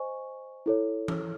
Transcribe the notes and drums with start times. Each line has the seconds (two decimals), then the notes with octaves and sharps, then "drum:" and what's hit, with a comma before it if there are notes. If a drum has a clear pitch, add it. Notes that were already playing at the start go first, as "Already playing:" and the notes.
Already playing: C5 D#5 G#5 C#6
0.66 E4 A4 C#5
1.08 drum: tom E3